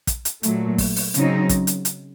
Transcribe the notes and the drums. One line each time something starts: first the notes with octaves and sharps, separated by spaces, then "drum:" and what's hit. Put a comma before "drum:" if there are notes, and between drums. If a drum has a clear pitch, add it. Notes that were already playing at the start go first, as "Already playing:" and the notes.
drum: kick, hi-hat
drum: hi-hat
A#2 F#3 A3, drum: hi-hat
drum: kick, open hi-hat
drum: open hi-hat
C#3 F#3 C4 D#4, drum: hi-hat
drum: kick, hi-hat
drum: hi-hat
drum: hi-hat